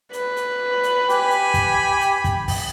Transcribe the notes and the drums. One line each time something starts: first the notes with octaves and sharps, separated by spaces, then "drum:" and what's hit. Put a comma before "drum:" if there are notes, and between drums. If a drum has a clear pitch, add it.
B4, drum: hi-hat
drum: hi-hat
drum: hi-hat
G4 G#5 B5, drum: hi-hat
drum: hi-hat
drum: kick, hi-hat
drum: hi-hat
drum: kick, hi-hat
drum: kick, open hi-hat